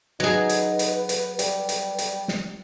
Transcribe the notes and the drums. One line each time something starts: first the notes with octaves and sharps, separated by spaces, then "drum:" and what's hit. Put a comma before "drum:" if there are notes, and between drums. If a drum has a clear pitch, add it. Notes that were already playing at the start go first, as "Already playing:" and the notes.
F#3 D#4 G#4 B4
drum: hi-hat
drum: hi-hat
drum: hi-hat
G3, drum: hi-hat
drum: hi-hat
drum: hi-hat
drum: snare